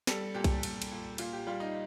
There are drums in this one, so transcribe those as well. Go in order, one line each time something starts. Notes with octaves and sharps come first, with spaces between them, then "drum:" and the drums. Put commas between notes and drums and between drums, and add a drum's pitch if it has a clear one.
G3 A4, drum: snare
A#2 G4
drum: kick B1, cymbal
A#2, drum: cymbal
drum: cymbal
A#2
A#2 F4, drum: cymbal
G4
G3 F4
D#4